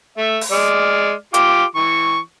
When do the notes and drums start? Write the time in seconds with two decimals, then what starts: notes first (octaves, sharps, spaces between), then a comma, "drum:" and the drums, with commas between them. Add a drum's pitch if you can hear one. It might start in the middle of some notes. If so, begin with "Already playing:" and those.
0.18 A3 E5
0.41 drum: open hi-hat
0.52 G#3 D5 F6
1.34 F4 G4 D6, drum: hi-hat
1.75 E3 C#6